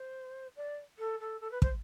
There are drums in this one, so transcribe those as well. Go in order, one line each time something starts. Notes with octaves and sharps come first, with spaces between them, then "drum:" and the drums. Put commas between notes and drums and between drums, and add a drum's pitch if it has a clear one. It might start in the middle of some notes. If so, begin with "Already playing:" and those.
Already playing: C5
D5
A4
A4
A4
B4
C5, drum: kick